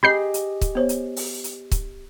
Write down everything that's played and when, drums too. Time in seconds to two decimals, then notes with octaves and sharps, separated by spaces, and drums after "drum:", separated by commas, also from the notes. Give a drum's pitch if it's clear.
0.03 G4 G#4 D#5 B5 G6 C7
0.34 drum: hi-hat
0.61 drum: kick C#1, hi-hat
0.75 B3 C5 C#5
0.89 drum: hi-hat
1.16 drum: open hi-hat
1.44 drum: hi-hat
1.71 drum: kick C#1, hi-hat